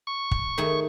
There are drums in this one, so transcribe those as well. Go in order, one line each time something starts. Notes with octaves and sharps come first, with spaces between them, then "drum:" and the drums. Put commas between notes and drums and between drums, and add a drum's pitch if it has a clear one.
C#6
drum: kick
D#3 A3 G#4